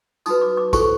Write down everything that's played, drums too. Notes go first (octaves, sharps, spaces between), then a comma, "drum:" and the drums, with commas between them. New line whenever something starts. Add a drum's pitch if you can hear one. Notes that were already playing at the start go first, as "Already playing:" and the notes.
D#4 F#4 B4 D#6, drum: tambourine
D6
D6
E4 A4 C5 C#6, drum: kick A#1, tambourine